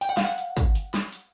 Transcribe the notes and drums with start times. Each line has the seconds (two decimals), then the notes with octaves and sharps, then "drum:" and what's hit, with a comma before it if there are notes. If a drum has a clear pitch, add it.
0.01 G5, drum: hi-hat
0.09 F#5
0.17 F5, drum: snare
0.24 F#5
0.38 drum: hi-hat
0.57 drum: kick, hi-hat
0.75 drum: hi-hat
0.94 drum: snare
1.13 drum: hi-hat